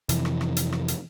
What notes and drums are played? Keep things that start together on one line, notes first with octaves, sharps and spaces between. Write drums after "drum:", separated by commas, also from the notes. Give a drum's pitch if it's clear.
F2 C3 E3, drum: hi-hat
drum: rim click
drum: rim click
drum: hi-hat
drum: rim click
drum: hi-hat